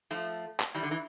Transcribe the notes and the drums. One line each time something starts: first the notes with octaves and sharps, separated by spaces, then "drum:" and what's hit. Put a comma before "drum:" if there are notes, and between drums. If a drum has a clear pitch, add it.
F3 A3
drum: clap
E3 G3
D3
E3